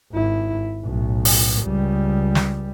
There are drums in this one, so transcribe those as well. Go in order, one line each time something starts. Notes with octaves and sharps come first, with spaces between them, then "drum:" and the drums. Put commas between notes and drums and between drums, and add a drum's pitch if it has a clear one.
G#1 E4
B1 A2
drum: open hi-hat
C#2 G3
drum: snare